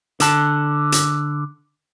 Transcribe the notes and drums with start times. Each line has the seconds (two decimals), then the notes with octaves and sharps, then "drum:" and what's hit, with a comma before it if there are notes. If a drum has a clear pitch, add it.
0.20 D3 A5, drum: hi-hat
0.92 drum: hi-hat